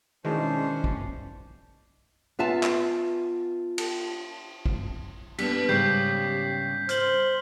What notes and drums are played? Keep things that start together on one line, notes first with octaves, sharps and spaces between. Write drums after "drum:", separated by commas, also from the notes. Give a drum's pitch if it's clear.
B2 D#3 E3 G#3 C#4 D4 C5
drum: kick
B3 F4 E5 G#5 A5
drum: clap
drum: cymbal
drum: kick
B3 D4 G4 B6, drum: cymbal
G#2 C#3 G3 G4 G6 C7
C5 F6 G6 F#7, drum: hi-hat